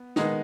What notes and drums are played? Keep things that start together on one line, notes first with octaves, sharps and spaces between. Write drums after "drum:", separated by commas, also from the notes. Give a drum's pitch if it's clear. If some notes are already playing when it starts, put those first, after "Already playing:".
Already playing: B3
D#3 G#3 B3 D#4, drum: snare